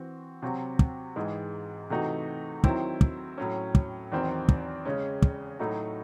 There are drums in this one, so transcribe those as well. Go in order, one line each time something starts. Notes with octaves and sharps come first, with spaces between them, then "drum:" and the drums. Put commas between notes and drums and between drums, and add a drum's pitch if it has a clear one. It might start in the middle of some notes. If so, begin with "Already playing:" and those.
Already playing: E3 C4 F#4
C3 F#3 C4 F#4
drum: kick
G#2 E3 G#3
C3 E3 A3 D#4 F#4
D#3 F#3 C4 E4, drum: kick
drum: kick
A2 F#3 C#4
drum: kick
E2 D#3 F#3 C4
drum: kick
C#3 G#3 C#4
drum: kick
A2 F#3 A3 D#4 F#4